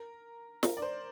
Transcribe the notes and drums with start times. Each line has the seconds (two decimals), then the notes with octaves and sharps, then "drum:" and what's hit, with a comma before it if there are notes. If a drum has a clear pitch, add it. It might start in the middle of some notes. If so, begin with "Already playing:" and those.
Already playing: A#4
0.63 A#4, drum: snare
0.77 D5
0.82 C5